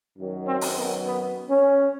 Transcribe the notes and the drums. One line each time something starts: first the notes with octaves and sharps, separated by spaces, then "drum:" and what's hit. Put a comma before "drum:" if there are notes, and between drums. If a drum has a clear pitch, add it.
F#2 D#3 F#3
C4
drum: open hi-hat
B3
B3
C#4